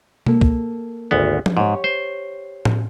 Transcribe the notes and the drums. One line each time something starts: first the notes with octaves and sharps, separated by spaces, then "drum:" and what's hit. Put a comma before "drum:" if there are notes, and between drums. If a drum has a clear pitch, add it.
A#3 A4, drum: tom B2
drum: kick
G#1 D2 B3
drum: tom F3
G#2 G4 C#5
C5
drum: tom A2